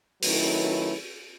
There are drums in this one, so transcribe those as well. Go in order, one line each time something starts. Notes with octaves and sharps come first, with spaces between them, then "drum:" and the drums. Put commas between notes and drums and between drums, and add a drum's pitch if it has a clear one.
D#3 F#3 A3 C#4 E4 B4, drum: open hi-hat